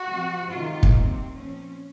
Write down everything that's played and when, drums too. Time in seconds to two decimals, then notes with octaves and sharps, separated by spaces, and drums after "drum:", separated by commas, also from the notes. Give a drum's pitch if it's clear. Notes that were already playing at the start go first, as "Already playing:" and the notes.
Already playing: F#4
0.09 C3 F3 C4
0.50 C3 D#3 G#3 C4 F4
0.83 drum: kick
0.93 C3 F#3 A#3 C4
1.34 A#2 F3 C4 C#4